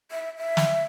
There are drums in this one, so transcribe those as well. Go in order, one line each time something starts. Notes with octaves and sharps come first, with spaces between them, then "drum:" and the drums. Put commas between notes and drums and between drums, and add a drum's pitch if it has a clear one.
E5
E5
drum: snare